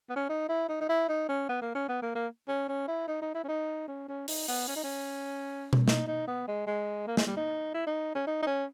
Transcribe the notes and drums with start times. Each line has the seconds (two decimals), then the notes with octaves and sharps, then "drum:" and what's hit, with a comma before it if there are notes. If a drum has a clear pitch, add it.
0.10 B3
0.16 C#4
0.29 D#4
0.49 E4
0.69 D#4
0.81 D#4
0.89 E4
1.09 D#4
1.29 C#4
1.49 B3
1.62 A#3
1.75 C#4
1.89 B3
2.02 A#3
2.15 A#3
2.48 C#4
2.69 C#4
2.88 E4
3.08 D#4
3.22 D#4
3.35 E4
3.44 C#4
3.48 D#4
3.88 C#4
4.09 C#4
4.28 D#4, drum: open hi-hat
4.48 B3, drum: open hi-hat
4.68 C#4
4.76 D#4
4.84 C#4
5.73 drum: tom B2
5.88 D#4, drum: snare
6.07 D#4
6.27 B3
6.48 G#3
6.67 G#3
7.07 A#3
7.17 G#3, drum: snare
7.27 G3
7.37 D#4
7.74 E4
7.87 D#4
8.15 C#4
8.27 D#4
8.43 D#4
8.47 C#4